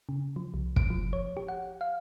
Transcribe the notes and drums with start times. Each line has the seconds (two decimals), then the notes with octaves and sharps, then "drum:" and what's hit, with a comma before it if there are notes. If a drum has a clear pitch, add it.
0.09 C#3
0.36 F3
0.54 C2
0.76 D7, drum: kick
0.90 F3
1.13 C#5
1.37 G4
1.48 F#5
1.81 F5